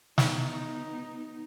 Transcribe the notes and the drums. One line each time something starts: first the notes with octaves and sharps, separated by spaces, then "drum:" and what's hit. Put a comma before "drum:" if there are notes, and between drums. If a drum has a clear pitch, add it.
B3 D#4, drum: snare